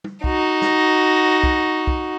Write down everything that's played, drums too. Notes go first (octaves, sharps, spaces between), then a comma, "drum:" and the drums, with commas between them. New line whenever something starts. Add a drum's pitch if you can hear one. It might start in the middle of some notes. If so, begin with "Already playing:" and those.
drum: tom
D#4 F#4, drum: kick
drum: snare
drum: kick
drum: kick